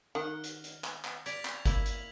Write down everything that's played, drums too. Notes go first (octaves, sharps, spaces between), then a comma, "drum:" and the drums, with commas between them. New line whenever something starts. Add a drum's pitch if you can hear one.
D#3 F#5 F6
drum: hi-hat
drum: hi-hat
drum: clap
drum: clap
D5 G#6 B6 F7, drum: hi-hat
drum: clap
A#3 E4 F#7, drum: kick G1, hi-hat
drum: hi-hat